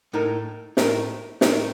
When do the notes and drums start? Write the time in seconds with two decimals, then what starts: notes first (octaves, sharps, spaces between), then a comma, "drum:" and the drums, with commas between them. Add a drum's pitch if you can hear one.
0.13 A2 A3 D#4 A#4
0.77 A2 A3 D#4 A#4, drum: snare
1.41 A2 A3 D#4 A#4, drum: snare